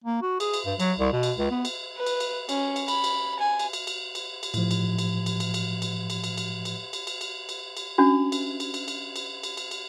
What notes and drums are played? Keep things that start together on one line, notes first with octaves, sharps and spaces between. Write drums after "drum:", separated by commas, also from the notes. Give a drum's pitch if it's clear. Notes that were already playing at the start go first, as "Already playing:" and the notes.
A#3
F#4
G#4, drum: cymbal
drum: cymbal
G2
F#3, drum: cymbal
C2
B2
drum: cymbal
C#2
B3
drum: cymbal
B4
drum: cymbal
drum: cymbal
C#4, drum: cymbal
drum: cymbal
B5, drum: cymbal
drum: cymbal
G#5
drum: cymbal
drum: cymbal
drum: cymbal
drum: cymbal
drum: cymbal
A2 F3, drum: cymbal
drum: cymbal
drum: cymbal
drum: cymbal
drum: cymbal
drum: cymbal
drum: cymbal
drum: cymbal
drum: cymbal
drum: cymbal
drum: cymbal
drum: cymbal
drum: cymbal
drum: cymbal
drum: cymbal
drum: cymbal
C#4 D4 F#4
drum: cymbal
drum: cymbal
drum: cymbal
drum: cymbal
drum: cymbal
drum: cymbal
drum: cymbal
drum: cymbal